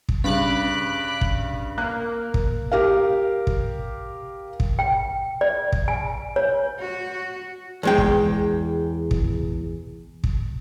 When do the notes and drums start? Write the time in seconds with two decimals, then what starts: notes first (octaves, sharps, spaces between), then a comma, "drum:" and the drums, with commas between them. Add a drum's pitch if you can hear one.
0.09 drum: kick
0.24 G2 C#3 B5 D6 F#6
1.21 drum: kick
1.78 A#3 F#6
2.34 drum: kick
2.72 G4 A#4 F5
3.47 drum: kick
4.60 drum: kick
4.79 G5
5.41 D5
5.72 drum: kick
5.88 G#5
6.36 C#5
6.79 F#4
7.83 E2 G#3 G5
7.98 drum: kick
9.11 drum: kick
10.24 drum: kick